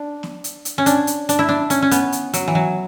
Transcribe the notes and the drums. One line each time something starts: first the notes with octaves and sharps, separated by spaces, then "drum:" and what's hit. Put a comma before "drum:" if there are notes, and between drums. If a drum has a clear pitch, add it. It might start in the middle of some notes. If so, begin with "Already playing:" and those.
Already playing: D4
drum: snare B3
drum: hi-hat
drum: hi-hat
C#4
D4, drum: hi-hat
drum: hi-hat
D4, drum: hi-hat
E4
D4, drum: snare B3
C#4, drum: hi-hat
C#4
B3, drum: hi-hat
drum: hi-hat
F#3, drum: hi-hat
E3
F#3